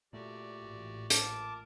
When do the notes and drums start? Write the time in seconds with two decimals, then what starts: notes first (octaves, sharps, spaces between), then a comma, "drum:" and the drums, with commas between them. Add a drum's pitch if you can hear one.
0.13 A#2 A3 F#4 G4 D5
0.65 A1
1.10 A#4 A5 D6, drum: hi-hat